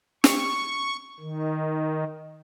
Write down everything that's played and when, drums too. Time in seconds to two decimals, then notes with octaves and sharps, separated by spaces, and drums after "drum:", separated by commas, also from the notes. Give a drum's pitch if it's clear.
0.24 C#6, drum: snare
1.20 D#3